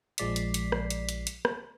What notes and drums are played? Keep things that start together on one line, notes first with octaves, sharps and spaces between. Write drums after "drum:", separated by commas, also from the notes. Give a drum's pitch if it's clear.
A#1 F3 G#3 D5 B6 C7, drum: hi-hat
drum: hi-hat
drum: hi-hat
drum: rim click
drum: hi-hat
drum: hi-hat
drum: hi-hat
drum: rim click